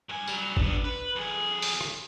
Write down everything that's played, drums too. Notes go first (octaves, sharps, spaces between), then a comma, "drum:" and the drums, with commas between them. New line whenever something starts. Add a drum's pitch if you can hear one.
G2 G#5
F#3 G3, drum: tambourine
B3 D4, drum: kick G1
B4
F2 G#4
drum: open hi-hat
drum: rim click